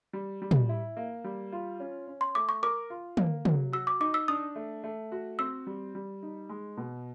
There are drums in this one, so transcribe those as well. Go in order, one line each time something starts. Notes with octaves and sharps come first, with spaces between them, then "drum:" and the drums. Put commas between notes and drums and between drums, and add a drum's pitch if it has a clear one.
G3
G3
drum: tom
E4
A#3
G3
F4
C#4
C#4
C6
A3 D6
C#6
A#4 D6
F4
A#3, drum: tom
F#3, drum: tom
F#4 E6
D6
D#4 D6
E6
D4 D#6
A3
A3
F#4
C4 E6
G3
G3
D#4
G#3
B2